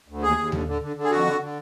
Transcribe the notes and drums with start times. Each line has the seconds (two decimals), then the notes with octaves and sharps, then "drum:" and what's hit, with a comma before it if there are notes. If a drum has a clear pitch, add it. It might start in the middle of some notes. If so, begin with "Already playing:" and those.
0.08 D2
0.23 D#2 G#4
0.38 D#2
0.52 D3, drum: tom D#2
0.67 D3
0.82 D3
0.96 D3
1.04 G#4
1.11 F2 F#4
1.26 D3
1.41 D3